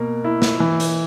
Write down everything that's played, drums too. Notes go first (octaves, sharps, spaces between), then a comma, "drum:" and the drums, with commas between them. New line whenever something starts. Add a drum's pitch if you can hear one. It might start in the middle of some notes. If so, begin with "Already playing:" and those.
Already playing: B2 A#3 A#4
E4
drum: snare
E3
drum: hi-hat